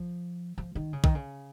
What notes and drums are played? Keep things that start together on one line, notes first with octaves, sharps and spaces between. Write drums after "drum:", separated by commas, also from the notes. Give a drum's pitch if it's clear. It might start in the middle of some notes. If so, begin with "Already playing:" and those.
Already playing: F3
F3
D#3
C#3
D#3, drum: kick B1
C#3